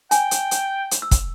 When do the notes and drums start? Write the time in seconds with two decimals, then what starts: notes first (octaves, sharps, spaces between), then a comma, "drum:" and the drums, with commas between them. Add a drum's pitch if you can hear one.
0.11 G5 G#5, drum: hi-hat
0.31 drum: hi-hat
0.51 drum: hi-hat
0.91 drum: hi-hat
1.02 E6
1.11 drum: kick, hi-hat